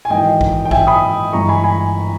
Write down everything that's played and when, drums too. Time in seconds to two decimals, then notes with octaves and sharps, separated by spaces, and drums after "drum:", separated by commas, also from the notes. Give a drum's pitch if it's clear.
0.05 G#5
0.10 G#1 G#2 E3 D#5 G5
0.41 drum: kick A1
0.65 G5
0.71 E5 G#5, drum: kick A1
0.87 B5 D#6
1.33 G1 G2 E3 G#3 A#5 C#6
1.49 G#5 B5
1.64 G#5 B5